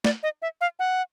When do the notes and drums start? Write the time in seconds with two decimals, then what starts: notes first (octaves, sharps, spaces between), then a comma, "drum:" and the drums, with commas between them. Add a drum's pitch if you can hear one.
0.04 D5, drum: snare
0.23 D#5
0.42 E5
0.61 F5
0.79 F#5